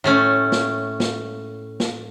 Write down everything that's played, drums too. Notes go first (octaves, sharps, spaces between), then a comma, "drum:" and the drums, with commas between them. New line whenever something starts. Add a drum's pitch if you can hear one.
A2 A3 C#4
drum: snare
drum: snare
drum: snare